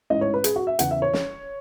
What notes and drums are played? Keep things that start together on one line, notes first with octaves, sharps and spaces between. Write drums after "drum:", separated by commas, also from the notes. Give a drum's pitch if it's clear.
A1 G#2 E3 D#5
C#5
B4
G#4, drum: hi-hat
F#4
E5
E2 C#3 E3 F#5, drum: hi-hat
E5
C#5
drum: snare